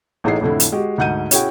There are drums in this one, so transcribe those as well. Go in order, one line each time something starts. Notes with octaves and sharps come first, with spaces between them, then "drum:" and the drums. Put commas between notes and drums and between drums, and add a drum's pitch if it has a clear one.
A1 A2 D#4 G#4 A4 C7
F2 A2 D3 E4
drum: hi-hat
G#3 F#4 G4
D2 G#2 F#5 G6 D#7
C#4 E4 F#4 G#4 F#5 G5, drum: hi-hat